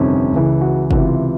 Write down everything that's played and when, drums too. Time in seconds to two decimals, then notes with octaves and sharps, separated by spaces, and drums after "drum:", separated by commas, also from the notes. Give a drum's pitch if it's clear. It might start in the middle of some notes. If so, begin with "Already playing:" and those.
Already playing: G1 F2 C3 D#3 C#4
0.32 C#2 C#3 E3
0.61 F#4
0.91 C#2 C3 E3 F#4, drum: kick
1.05 F4